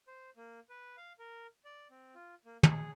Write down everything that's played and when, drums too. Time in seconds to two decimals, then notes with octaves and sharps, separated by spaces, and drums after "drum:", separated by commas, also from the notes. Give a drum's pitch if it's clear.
0.08 C5
0.37 A#3
0.69 B4
0.97 F5
1.19 A#4
1.65 D5
1.90 C4
2.14 F4
2.45 A#3
2.63 G#4, drum: tom